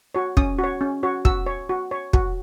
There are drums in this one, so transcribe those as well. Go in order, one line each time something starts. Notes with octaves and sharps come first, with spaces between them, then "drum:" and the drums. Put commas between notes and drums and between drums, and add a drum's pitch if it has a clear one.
F#4 C#5
C#4 D#6, drum: kick
F#4 C#5
C#4
F#4 C#5
F#4 E6, drum: kick
C#5
F#4
C#5
F#4, drum: kick